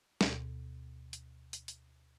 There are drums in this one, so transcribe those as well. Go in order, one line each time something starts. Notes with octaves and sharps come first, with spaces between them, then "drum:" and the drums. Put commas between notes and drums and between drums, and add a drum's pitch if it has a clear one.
D2 B2, drum: snare
drum: hi-hat
drum: hi-hat
drum: hi-hat